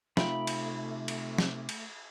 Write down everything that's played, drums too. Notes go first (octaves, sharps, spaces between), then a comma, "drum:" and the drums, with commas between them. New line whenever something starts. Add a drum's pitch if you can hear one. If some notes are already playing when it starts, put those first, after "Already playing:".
C3 A3 D#4 F4 E5 G5 B5, drum: snare
drum: cymbal
drum: cymbal
drum: snare
drum: cymbal